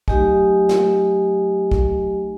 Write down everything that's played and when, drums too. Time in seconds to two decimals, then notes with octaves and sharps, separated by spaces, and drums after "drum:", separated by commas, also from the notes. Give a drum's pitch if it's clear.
0.08 F#3 A3 D#4 G4 D#5 G#5, drum: kick
0.69 drum: snare
1.71 drum: kick